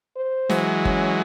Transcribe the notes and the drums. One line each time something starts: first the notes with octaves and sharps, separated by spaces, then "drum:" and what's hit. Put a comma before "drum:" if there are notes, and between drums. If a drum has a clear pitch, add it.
C5
E3 F#3 G#3, drum: snare
C#4, drum: kick G1